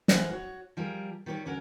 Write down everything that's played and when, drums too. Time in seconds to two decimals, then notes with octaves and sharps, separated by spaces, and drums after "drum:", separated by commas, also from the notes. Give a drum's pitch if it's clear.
0.08 E3 G#3 A3 A#4 C5 F#5, drum: snare
0.31 F#4 C#5
0.77 F3 G3 G#4 A#4
1.26 D#3 G3 G4 B4 C#5
1.45 D2 D3 C#4 F#4 A#4